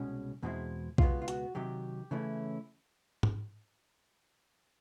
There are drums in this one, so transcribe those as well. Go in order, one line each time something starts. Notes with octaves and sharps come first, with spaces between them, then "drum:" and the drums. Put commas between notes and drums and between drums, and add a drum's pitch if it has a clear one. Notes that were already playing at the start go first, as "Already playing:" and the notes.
Already playing: C2 B2 G#3 C#4
E2 B2 G#3 C4 E4
C#2 B2 G#3 B3 F4, drum: kick B1
F4
F#4, drum: hi-hat
C3 D#3 F#3 G4
C#3 E3 A3 C#4 E4
drum: tom